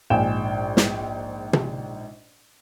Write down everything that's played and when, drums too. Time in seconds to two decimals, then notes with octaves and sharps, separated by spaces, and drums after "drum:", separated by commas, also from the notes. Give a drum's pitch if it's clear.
0.10 A#1 G#2 G5 G#5 E7
0.77 drum: snare
1.53 drum: tom